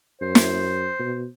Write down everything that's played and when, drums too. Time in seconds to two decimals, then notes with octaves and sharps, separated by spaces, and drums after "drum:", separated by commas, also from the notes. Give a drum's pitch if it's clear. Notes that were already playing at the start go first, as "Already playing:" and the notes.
0.21 F#2 C5
0.35 drum: snare
1.00 B2